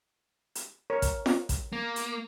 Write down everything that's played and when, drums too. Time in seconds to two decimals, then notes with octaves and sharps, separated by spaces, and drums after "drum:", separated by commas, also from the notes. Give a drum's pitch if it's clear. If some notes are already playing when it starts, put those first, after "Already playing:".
0.55 drum: hi-hat
0.90 A#4 C#5
1.02 drum: kick A1, hi-hat
1.26 drum: snare F4
1.49 drum: kick A1, hi-hat
1.73 A#3
1.96 drum: hi-hat